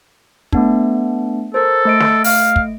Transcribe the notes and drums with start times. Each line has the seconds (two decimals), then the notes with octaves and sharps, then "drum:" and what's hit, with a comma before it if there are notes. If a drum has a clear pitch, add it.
0.53 A3 B3 D4, drum: kick
1.54 A4 A#4 C5
1.85 A3 D#5 D7
2.00 drum: snare
2.24 F5, drum: open hi-hat
2.56 drum: kick